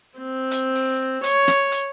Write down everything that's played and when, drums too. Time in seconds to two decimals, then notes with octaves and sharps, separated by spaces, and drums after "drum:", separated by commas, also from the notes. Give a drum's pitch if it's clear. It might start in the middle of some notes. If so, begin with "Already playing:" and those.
0.18 C4
0.51 drum: hi-hat
0.75 drum: open hi-hat
1.23 C#5, drum: hi-hat
1.48 drum: snare
1.72 drum: hi-hat